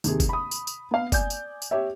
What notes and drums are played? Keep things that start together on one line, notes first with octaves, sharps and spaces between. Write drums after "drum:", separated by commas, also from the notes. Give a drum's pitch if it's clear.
D#2 C3 G#4, drum: tambourine
drum: kick F#1, tambourine
B5 D#6
drum: tambourine
drum: tambourine
B3 F5
D5 G#5 G6, drum: kick F#1, tambourine
drum: tambourine
drum: tambourine
G4 C#5 E5